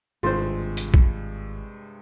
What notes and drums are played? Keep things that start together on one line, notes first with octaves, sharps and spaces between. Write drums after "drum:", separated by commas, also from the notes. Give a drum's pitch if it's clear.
G#1 G2 C3 G#3 F4 C5
drum: hi-hat
drum: kick